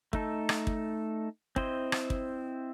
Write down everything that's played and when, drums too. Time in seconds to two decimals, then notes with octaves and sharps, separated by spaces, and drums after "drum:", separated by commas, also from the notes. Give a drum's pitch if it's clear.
0.13 A3 D#4 A4, drum: kick
0.49 drum: rim click
0.67 drum: kick
1.56 C4 E4 C5 D#5, drum: kick
1.92 drum: rim click
2.10 drum: kick